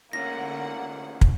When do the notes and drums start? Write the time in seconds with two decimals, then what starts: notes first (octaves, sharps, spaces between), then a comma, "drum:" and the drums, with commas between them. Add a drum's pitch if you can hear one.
0.13 D2 D3 A#3 C#4 F#5 A#6
1.21 drum: kick